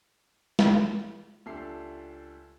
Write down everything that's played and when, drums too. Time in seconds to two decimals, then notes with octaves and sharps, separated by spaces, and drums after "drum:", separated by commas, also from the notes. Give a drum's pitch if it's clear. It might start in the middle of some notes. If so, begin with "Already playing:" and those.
0.59 drum: snare
1.46 C#2 D4 G4 A4 E5 C7